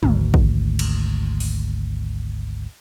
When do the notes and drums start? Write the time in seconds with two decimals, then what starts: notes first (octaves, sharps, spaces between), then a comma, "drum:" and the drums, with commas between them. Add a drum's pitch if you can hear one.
0.03 G#1 D2, drum: tom
0.34 drum: kick
0.79 drum: cymbal
1.40 drum: open hi-hat